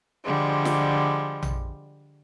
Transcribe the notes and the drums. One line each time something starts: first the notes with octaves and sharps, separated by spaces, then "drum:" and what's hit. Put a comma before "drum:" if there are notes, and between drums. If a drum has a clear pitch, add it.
D3 F3 G3 G#3
drum: snare
drum: tom A#1